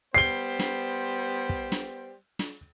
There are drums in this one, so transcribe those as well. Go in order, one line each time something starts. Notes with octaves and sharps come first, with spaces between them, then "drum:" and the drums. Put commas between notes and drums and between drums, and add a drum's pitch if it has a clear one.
G3 B3 C5 C7 G7
drum: snare
drum: kick
drum: snare
drum: snare